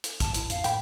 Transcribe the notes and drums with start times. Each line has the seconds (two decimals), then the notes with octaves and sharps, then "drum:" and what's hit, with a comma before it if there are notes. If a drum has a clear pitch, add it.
0.04 drum: hi-hat
0.20 F1 A5, drum: kick A#1, hi-hat
0.34 A1 E4, drum: hi-hat
0.50 F2 F5, drum: hi-hat
0.64 A2 G5 B5, drum: hi-hat